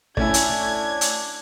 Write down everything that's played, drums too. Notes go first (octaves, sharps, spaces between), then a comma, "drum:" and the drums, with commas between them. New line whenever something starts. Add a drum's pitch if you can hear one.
A3 C#4 D4 E4 D5 G#5 G#6, drum: kick
drum: hi-hat
drum: hi-hat